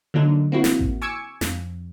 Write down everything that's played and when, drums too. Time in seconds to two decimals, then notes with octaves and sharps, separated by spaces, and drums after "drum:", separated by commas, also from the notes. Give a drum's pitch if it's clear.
0.14 D3 F#3 A#3 D4 D#4
0.52 A#3 C4 E4 F#4
0.64 drum: snare
0.79 drum: kick A1
1.02 G#5 C#6 D6 E6 G#6 C#7
1.41 F2, drum: snare